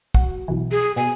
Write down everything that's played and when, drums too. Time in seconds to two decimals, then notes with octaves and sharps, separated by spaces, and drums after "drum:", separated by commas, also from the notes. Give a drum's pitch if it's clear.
0.15 F#4, drum: kick
0.48 F#2 B2 E3
0.71 G#4
0.96 B2 G#5